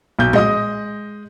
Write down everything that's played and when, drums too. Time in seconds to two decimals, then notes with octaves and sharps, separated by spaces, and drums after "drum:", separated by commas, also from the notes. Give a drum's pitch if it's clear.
0.19 B1 G6
0.33 G#3 D#5 D#6, drum: tom A2